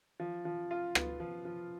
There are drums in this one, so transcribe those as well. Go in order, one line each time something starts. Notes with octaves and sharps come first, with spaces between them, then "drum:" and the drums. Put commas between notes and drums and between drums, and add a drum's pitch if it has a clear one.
F3
F3
F4
B3, drum: rim click
F3
F3